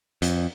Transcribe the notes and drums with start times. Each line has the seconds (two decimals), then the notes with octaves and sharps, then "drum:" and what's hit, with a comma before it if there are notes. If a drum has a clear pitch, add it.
0.22 F2, drum: hi-hat